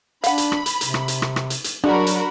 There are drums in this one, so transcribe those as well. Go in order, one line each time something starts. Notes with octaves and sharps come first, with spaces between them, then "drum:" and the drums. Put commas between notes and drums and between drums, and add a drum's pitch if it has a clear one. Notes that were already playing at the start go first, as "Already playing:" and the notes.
D4 F5 F#5 B5, drum: hi-hat
drum: hi-hat
drum: rim click
drum: hi-hat
C3, drum: hi-hat
drum: rim click
drum: hi-hat
drum: rim click
drum: rim click
drum: hi-hat
drum: hi-hat
F#3 G#3 D4 F#4 A#4 B5
drum: hi-hat